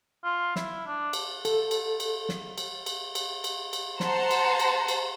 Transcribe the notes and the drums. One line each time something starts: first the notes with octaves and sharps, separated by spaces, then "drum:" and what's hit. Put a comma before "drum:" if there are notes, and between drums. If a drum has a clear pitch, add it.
F4
E4, drum: snare
D4
drum: cymbal
A4, drum: cymbal
drum: cymbal
drum: cymbal
drum: snare
drum: cymbal
drum: cymbal
drum: cymbal
drum: cymbal
drum: cymbal
C5 F#5 A5 A#5 C6, drum: snare
drum: cymbal
drum: cymbal
drum: cymbal